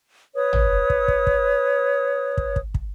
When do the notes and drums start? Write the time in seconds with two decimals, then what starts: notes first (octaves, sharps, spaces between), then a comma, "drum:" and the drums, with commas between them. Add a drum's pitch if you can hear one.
0.34 B4 C#5 D#6
0.53 drum: tom
0.90 drum: kick
1.08 drum: kick
1.27 drum: kick
2.38 drum: kick
2.56 drum: kick
2.74 drum: kick